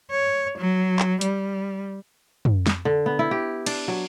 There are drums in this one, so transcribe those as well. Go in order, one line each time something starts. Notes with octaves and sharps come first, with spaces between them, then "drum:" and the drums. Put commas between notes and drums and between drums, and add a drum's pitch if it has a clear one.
C#5
F#3
drum: clap
G3, drum: hi-hat
drum: tom
drum: snare
D3
B3
E4
G4
D4, drum: cymbal
F#3